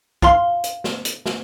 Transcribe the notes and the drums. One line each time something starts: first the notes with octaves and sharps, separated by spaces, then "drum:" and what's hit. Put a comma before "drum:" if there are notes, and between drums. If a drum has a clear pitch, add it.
F4 F5 C6, drum: kick
drum: hi-hat
drum: snare
drum: hi-hat
drum: snare